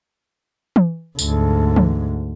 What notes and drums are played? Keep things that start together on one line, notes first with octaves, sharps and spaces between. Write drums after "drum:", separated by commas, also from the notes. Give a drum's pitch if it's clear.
drum: tom E3
D2 G#2, drum: tambourine
drum: tom E3